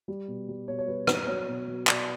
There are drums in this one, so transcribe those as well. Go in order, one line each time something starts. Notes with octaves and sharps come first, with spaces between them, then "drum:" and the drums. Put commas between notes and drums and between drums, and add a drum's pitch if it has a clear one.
G3
B2
G3
B2 C#5
C#5
G3 B4
B2 B4, drum: rim click
F#3 C#5
B2
F#3
B2 D5, drum: clap